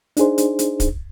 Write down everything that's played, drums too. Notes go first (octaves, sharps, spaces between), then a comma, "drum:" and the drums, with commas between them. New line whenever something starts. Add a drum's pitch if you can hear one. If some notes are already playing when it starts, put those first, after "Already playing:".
D4 D#4 G#4 C5, drum: hi-hat
drum: hi-hat
drum: hi-hat
drum: kick, hi-hat